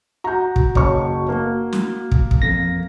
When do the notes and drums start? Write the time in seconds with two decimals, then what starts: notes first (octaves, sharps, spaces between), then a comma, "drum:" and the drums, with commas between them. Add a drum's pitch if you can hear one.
0.24 F#4 A#5 G6
0.56 drum: kick
0.75 F#1 C#5 C#6, drum: kick
1.29 A#3
1.73 drum: snare
2.11 drum: kick
2.31 drum: kick
2.42 F2 A#6